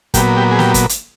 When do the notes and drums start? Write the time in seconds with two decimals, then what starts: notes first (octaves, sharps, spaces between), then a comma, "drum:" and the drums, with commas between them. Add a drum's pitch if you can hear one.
0.14 A#2 F#3 B3 G4, drum: kick, hi-hat
0.37 G4
0.51 G#4
0.59 G4, drum: snare
0.74 drum: kick, hi-hat
0.89 drum: hi-hat